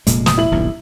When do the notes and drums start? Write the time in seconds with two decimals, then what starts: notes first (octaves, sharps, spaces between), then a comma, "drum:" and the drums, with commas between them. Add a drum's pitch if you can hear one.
0.07 F1 A#2 G#3, drum: hi-hat
0.26 D#6, drum: snare
0.38 E4 F#7
0.51 D#1 B1 G2